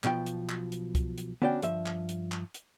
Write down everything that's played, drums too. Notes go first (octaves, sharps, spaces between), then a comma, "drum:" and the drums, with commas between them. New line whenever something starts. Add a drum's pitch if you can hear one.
B1 B2 F3 G5, drum: clap
drum: hi-hat
drum: clap
drum: hi-hat
drum: kick C2, hi-hat
drum: hi-hat
B3 C#4 D4 F#4 D5 G5, drum: tom D3
G2 F3 E5, drum: hi-hat
drum: clap
drum: hi-hat
drum: clap
drum: hi-hat